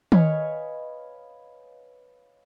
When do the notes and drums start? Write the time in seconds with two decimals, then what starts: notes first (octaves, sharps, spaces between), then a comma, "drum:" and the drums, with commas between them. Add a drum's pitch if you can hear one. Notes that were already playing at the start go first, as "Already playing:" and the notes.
0.12 B4 C#5 D#5 F5 G#5 C#6, drum: tom D#3